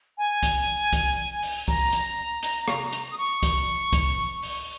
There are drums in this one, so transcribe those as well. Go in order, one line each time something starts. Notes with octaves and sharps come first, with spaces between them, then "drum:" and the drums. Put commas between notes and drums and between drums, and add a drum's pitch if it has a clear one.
G#5
drum: kick C2, hi-hat
drum: kick C2, hi-hat
drum: open hi-hat
A#5, drum: kick C2
drum: hi-hat
drum: hi-hat
drum: rim click
drum: hi-hat
D#6
C#6
drum: kick C2, hi-hat
drum: kick C2, hi-hat
drum: open hi-hat